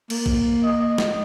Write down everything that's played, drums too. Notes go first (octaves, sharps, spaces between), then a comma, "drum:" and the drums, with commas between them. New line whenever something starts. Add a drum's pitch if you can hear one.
A#3, drum: cymbal
drum: kick A#1
D#5
drum: snare